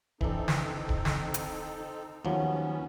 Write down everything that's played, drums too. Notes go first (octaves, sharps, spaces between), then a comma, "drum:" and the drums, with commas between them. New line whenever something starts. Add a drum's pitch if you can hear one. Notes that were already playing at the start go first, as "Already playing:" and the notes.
E3 C4 D4 D#4 A4, drum: kick D1
drum: snare
drum: kick D1
drum: snare
drum: hi-hat
D#2 F3 F#3 B3 C#4